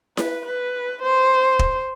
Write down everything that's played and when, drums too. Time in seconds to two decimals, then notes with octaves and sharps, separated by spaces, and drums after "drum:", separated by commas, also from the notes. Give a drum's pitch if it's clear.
0.17 B4, drum: snare E4
0.46 B4
1.03 C5
1.59 drum: kick